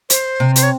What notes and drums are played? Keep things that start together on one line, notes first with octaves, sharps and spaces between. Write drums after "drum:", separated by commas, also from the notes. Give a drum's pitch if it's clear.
C5, drum: hi-hat
C3
C5, drum: hi-hat
C#5